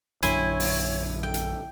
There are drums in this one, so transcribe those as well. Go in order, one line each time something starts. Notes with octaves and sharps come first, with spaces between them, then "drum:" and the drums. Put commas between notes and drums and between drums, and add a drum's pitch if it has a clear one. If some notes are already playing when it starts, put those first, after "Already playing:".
A#1 F#2 D3 E4 C#5 G#5 C6, drum: hi-hat
drum: open hi-hat
A4 G5
drum: hi-hat